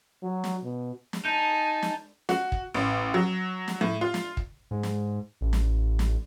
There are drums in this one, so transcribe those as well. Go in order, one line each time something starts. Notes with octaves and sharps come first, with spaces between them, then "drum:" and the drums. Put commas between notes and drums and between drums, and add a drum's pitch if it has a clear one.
F#3
drum: snare
B2
drum: snare
D#4 G#5 A5 G6
drum: snare
F#4, drum: snare
drum: kick
A1
F#3
drum: snare
A2
F4
drum: snare
drum: kick
G#2
drum: snare
A1
drum: snare
drum: snare